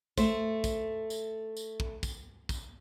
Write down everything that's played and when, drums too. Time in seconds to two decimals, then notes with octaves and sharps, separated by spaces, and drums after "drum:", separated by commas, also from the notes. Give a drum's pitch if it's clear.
0.18 A3 C5, drum: kick, tambourine
0.64 drum: kick, tambourine
1.10 drum: tambourine
1.57 drum: tambourine
1.80 drum: kick
2.03 drum: kick, tambourine
2.49 drum: kick, tambourine